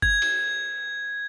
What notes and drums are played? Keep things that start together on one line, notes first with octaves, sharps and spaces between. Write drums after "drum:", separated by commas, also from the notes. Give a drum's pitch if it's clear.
G#6, drum: kick G1
drum: cymbal